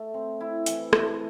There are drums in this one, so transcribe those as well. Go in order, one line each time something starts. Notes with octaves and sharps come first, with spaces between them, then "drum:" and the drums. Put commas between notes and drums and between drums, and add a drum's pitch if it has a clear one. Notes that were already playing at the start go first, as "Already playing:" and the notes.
Already playing: A3
C4
E4
E3, drum: hi-hat
A3, drum: rim click